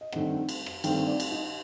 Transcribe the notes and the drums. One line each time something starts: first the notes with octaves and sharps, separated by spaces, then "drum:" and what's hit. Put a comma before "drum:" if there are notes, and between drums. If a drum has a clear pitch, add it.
D#5
G2 D#3 A3 C4 F#5, drum: rim click
drum: cymbal
drum: rim click
G2 D#3 A3 C4 G5, drum: cymbal
D5
drum: cymbal
D#4